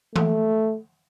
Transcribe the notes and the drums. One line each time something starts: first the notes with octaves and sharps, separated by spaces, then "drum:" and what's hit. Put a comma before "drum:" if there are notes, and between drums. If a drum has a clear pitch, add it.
A3, drum: tom E3